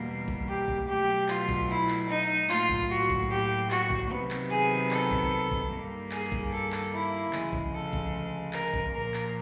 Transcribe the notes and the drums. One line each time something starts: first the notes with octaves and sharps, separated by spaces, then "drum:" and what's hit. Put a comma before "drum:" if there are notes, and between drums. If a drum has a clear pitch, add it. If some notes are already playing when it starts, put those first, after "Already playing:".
Already playing: E2 B2 G3 A#3
drum: kick
G4
drum: kick
B2 F#3 A3 G4
F4, drum: clap
drum: kick
E4
drum: clap
D#4
A2 F#3 A#3 F4, drum: clap
drum: kick
F#4
drum: kick
G4
F#4, drum: clap
drum: kick
C3 D#3 F#3 B3
drum: clap
G#4
A4, drum: clap
drum: kick
drum: kick
G2 D#3 G3 A#3
G#4, drum: clap
drum: kick
A4
drum: clap
E4
D2 C#3 F3 G#3, drum: clap
drum: kick
A4
drum: kick
A#4, drum: clap
drum: kick
A#2 F3 A#3 A#4
drum: clap